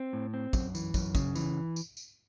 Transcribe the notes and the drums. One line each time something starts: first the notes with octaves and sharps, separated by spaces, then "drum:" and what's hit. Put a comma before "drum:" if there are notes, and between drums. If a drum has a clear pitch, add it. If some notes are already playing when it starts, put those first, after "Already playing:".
Already playing: C4
A2
C4
F#2, drum: kick, tambourine
E3, drum: tambourine
F#2, drum: kick, tambourine
C#3, drum: kick, tambourine
E3, drum: tambourine
drum: tambourine
drum: tambourine